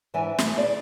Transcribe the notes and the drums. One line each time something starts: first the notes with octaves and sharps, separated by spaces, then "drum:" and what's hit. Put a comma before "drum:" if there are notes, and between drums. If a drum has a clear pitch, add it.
G#2 E3 F#3 D4 E5 G#5
D2 E3 A3, drum: snare
G#4 D5